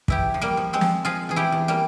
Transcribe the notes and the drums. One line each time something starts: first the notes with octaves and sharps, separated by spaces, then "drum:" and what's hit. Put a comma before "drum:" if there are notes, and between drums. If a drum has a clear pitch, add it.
E2 E4 G4, drum: kick
F3
G3 A#3
F3
G#3 C4
F3, drum: snare
F3 F4 G#4
E2 G#4
E4 G4
E2
G3 A#3